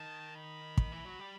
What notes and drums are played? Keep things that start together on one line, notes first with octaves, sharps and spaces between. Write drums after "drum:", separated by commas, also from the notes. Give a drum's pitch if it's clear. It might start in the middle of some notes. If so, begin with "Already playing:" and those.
Already playing: D#3 A5
B5
drum: kick
E3
F#3
G3